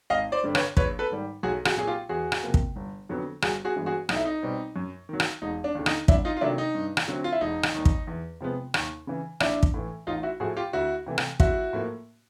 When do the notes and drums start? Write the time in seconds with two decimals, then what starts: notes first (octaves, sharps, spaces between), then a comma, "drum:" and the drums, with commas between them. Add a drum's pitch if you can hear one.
0.10 G#1 D#5 F5
0.32 C5 D5
0.44 G2 D3 G3
0.55 B4 C#5, drum: rim click
0.77 A#1 B4 C#5, drum: kick
0.99 A4 B4
1.10 G#2 D#3 G3
1.43 B1 F#4 G#4
1.65 F#4 G#4, drum: rim click
1.77 A#2 F#3 G#4
1.87 F4 G4
2.09 E2 F#4 G#4
2.32 drum: rim click
2.43 C3 F3 A#3
2.54 drum: kick
2.76 G1
3.09 F2 D3 F#3 B3
3.42 G1 F#4 G#4, drum: rim click
3.65 F#4 G#4
3.76 G2 E3 G#3 B3
3.86 F#4 G#4
4.09 B1 D#4, drum: rim click
4.16 E4
4.25 D#4
4.42 B2 G3 C4
4.76 F#2
5.09 D#3 F#3
5.20 drum: rim click
5.42 E1 D#4
5.64 D4
5.75 D#2 D3
5.86 D#4, drum: rim click
6.08 C2 D4 E4, drum: kick
6.25 D#4 F4
6.37 F4
6.41 C3 D#3 F#3 A3 D4 E4
6.58 D#4
6.75 G2
6.97 drum: rim click
7.08 D3 F#3 A3 C4
7.24 F4
7.32 E4
7.41 E1 D#4
7.63 drum: rim click
7.74 D#2 D#3 G3
7.85 drum: kick
8.07 E2
8.41 C3 F3 G#3 B3
8.74 D#2, drum: rim click
9.07 C#3 E3
9.40 A#1 D4 E4, drum: rim click
9.63 drum: kick
9.74 A2 E3
10.07 A1 D#4 F4
10.23 E4 F#4
10.40 A2 F3 A3 F#4 G#4
10.57 F4 G4
10.73 D2 E4 F#4
11.06 C3 E3 A3
11.18 drum: rim click
11.40 A#1 E4 F#4, drum: kick
11.73 A2 F3 A#3